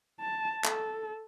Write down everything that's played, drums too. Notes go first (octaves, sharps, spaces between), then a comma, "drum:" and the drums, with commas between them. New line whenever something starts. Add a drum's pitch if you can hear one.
A5
A4, drum: clap